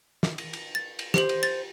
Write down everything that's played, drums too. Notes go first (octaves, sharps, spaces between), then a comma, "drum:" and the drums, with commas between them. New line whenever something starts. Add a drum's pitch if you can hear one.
drum: snare
drum: cymbal
drum: cymbal
A6
drum: cymbal
G4 C5 F#7, drum: snare
drum: cymbal
A6, drum: cymbal